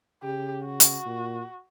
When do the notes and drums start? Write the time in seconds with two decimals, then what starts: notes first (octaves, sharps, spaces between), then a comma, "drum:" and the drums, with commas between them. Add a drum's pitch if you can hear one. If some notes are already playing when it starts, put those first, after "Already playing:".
0.23 C#3 G4
0.65 F#4
0.80 drum: hi-hat
1.06 A#2